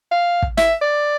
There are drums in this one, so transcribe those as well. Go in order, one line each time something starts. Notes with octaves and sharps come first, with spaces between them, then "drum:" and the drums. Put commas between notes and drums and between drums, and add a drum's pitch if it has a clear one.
F5
drum: kick
E5, drum: snare
D5